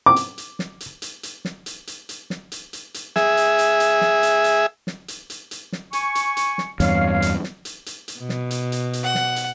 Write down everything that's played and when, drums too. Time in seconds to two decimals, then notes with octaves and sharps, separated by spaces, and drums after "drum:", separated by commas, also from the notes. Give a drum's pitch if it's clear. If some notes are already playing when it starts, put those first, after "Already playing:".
0.06 D6
0.16 drum: hi-hat
0.38 drum: hi-hat
0.59 drum: snare
0.80 drum: hi-hat
1.02 drum: hi-hat
1.23 drum: hi-hat
1.45 drum: snare
1.66 drum: hi-hat
1.87 drum: hi-hat
2.09 drum: hi-hat
2.30 drum: snare
2.52 drum: hi-hat
2.73 drum: hi-hat
2.94 drum: hi-hat
3.16 G#4 E5, drum: snare
3.37 drum: hi-hat
3.59 drum: hi-hat
3.80 drum: hi-hat
4.01 drum: snare
4.23 drum: hi-hat
4.44 drum: hi-hat
4.87 drum: snare
5.08 drum: hi-hat
5.30 drum: hi-hat
5.51 drum: hi-hat
5.72 drum: snare
5.93 G#5 C#6, drum: hi-hat
6.15 drum: hi-hat
6.37 drum: hi-hat
6.58 drum: snare
6.80 E2 G2 C#5 F5, drum: hi-hat
7.22 drum: hi-hat
7.44 drum: snare
7.65 drum: hi-hat
7.86 drum: hi-hat
8.08 drum: hi-hat
8.19 B2
8.29 drum: snare
8.51 drum: hi-hat
8.72 drum: hi-hat
8.93 drum: hi-hat
9.04 F#5
9.15 drum: snare
9.36 drum: hi-hat